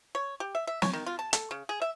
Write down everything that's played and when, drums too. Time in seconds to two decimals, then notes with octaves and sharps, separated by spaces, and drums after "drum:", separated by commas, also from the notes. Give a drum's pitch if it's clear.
0.15 C#5
0.40 G4
0.55 E5
0.67 E5
0.82 C#5, drum: snare
0.93 D#3
1.06 F4
1.19 A5
1.33 A4, drum: hi-hat
1.51 C#3
1.69 G#4
1.82 E5